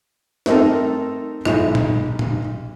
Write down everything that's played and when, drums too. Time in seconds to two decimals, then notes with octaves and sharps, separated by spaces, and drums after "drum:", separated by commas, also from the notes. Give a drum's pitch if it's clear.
0.46 A3 C4 D#4 A4 A#4, drum: snare
1.45 B1 G#2 D#4 E4, drum: rim click
1.75 drum: tom A#2
2.19 drum: tom A#2